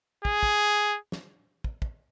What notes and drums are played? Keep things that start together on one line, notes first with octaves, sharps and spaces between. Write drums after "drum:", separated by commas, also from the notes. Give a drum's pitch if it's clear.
G#4, drum: kick
drum: kick
drum: snare
drum: kick
drum: kick